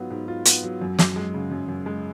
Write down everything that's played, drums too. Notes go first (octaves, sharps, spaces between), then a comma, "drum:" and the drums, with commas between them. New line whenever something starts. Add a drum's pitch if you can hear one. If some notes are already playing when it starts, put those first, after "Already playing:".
Already playing: G#2 F#3 B3 F4
G#2
F4
B3, drum: hi-hat
F#3
F#2
F#2, drum: snare
G#3
C#3
F#2
F#2
G#3